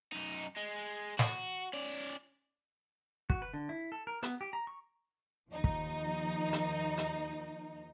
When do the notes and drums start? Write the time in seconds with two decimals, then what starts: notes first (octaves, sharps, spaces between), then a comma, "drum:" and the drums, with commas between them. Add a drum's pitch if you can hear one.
0.12 F#2 D#4
0.56 G#3
1.19 F#4, drum: snare
1.74 C#4 D5
3.30 F#4, drum: kick
3.42 B4
3.54 D3
3.69 E4
3.92 A4
4.07 A#4
4.23 B3, drum: hi-hat
4.41 G4
4.53 A#5
4.67 C#6
5.49 D#2 F3 D#4
5.64 drum: kick
6.53 drum: hi-hat
6.98 drum: hi-hat